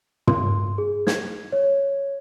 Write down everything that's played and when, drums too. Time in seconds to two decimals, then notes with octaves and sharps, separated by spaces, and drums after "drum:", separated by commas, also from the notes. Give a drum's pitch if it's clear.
0.27 C6, drum: tom
0.78 G#4
1.07 G#6, drum: snare
1.52 C#5